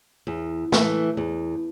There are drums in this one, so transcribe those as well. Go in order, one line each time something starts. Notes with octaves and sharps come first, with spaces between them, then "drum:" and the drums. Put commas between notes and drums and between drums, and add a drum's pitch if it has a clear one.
E2
E3 A3, drum: snare
E2